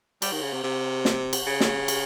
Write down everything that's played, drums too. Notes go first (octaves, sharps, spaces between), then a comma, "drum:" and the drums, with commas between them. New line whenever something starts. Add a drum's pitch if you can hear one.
G3, drum: cymbal
D#3
C#3
C3
C3
drum: snare
drum: cymbal
C#3
drum: snare
drum: cymbal